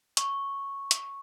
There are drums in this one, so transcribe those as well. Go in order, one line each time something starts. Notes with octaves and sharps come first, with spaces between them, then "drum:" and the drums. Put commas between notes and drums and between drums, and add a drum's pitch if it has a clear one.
C#6, drum: hi-hat
drum: hi-hat